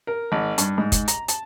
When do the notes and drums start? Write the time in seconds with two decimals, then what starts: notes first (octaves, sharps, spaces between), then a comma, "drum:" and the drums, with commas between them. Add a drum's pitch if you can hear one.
0.07 A#4
0.32 G#1
0.58 G2, drum: hi-hat
0.78 G#2
0.92 drum: kick, hi-hat
1.08 A#5, drum: hi-hat
1.28 A5, drum: hi-hat